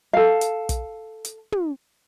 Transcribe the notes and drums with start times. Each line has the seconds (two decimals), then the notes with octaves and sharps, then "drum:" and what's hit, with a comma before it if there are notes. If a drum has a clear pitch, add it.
0.13 A4 F5
0.41 drum: hi-hat
0.69 drum: kick, hi-hat
1.25 drum: hi-hat
1.52 drum: tom